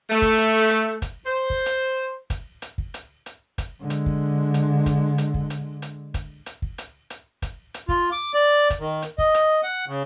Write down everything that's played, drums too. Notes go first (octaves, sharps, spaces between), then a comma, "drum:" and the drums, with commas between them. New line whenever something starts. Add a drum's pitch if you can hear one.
A3
drum: kick
drum: hi-hat
drum: hi-hat
drum: kick, hi-hat
C5
drum: kick
drum: hi-hat
drum: kick, hi-hat
drum: hi-hat
drum: kick
drum: hi-hat
drum: hi-hat
drum: kick, hi-hat
D3 G#3
drum: hi-hat
drum: kick
drum: hi-hat
drum: kick, hi-hat
drum: hi-hat
drum: kick
drum: hi-hat
drum: hi-hat
drum: kick, hi-hat
drum: hi-hat
drum: kick
drum: hi-hat
drum: hi-hat
drum: kick, hi-hat
drum: hi-hat
F4, drum: kick
D6
D5
drum: kick, hi-hat
D#3
drum: hi-hat
D#5, drum: kick
drum: hi-hat
F#5
C#3